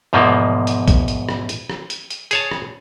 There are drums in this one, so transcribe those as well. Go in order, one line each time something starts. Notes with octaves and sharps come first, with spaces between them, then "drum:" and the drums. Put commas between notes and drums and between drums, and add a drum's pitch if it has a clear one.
E2 G#2 B2 F3 A#3
drum: hi-hat
drum: kick A#1, hi-hat
drum: hi-hat
drum: rim click
drum: hi-hat
drum: rim click
drum: hi-hat
drum: hi-hat
G#4 C#5 A5, drum: hi-hat
drum: rim click